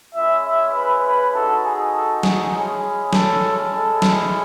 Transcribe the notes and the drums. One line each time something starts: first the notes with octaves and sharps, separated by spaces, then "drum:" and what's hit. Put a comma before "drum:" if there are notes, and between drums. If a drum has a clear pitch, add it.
G#3 C#4 E4 E5
E5
B4
B4
G#3 D#4 F#4 A4
G#4
A4
G#4, drum: snare
G#3 C#4 E4 G#4
A4, drum: snare
G#3 C#4 E4 A4
drum: snare